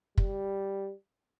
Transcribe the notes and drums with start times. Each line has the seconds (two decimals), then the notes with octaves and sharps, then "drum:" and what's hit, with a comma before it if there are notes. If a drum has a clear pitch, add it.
0.18 G3, drum: kick